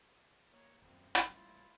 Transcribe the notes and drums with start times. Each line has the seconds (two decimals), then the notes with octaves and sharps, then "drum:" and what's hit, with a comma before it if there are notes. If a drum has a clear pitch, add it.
0.51 A#3 C#5
0.82 D#1 F#2 C4
1.15 drum: hi-hat
1.26 A1 A#2 G3 E4 F4